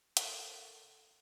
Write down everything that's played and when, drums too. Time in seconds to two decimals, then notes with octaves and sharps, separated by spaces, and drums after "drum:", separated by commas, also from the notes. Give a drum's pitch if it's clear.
0.17 A4 A#4, drum: hi-hat